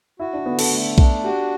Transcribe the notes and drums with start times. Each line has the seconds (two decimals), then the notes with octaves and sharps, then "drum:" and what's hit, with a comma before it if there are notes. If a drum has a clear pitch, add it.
0.19 E4 F#4
0.33 D4
0.46 D3 B3
0.59 A4, drum: cymbal
0.72 A3
0.98 D4, drum: kick B1
1.24 F#4 G4